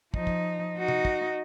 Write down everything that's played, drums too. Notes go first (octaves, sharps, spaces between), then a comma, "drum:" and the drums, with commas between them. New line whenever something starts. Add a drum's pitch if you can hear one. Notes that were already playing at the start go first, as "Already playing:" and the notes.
F3 D#4, drum: kick
drum: kick
D#4 F#4
drum: tom
drum: kick